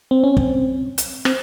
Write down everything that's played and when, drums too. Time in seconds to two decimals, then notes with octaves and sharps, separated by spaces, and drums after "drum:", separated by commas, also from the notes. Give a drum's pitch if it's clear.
0.11 C4
0.24 C#4
0.37 C4, drum: kick
0.98 drum: hi-hat
1.25 C4, drum: rim click